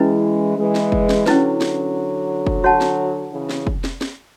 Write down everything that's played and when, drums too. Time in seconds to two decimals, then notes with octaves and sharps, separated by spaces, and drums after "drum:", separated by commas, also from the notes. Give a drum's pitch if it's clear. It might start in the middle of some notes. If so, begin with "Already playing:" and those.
Already playing: E3 G#3 C#4 E4 B4
0.57 E3 G#3
0.75 drum: snare
0.92 drum: kick
1.09 drum: snare
1.26 D3 F#3 C#4 E4 B4, drum: snare
1.61 drum: snare
2.47 drum: kick
2.64 F#4 C#5 F#5 A5
2.81 drum: snare
3.32 C#3 E3
3.49 drum: snare
3.67 drum: kick
3.84 drum: snare
4.01 drum: snare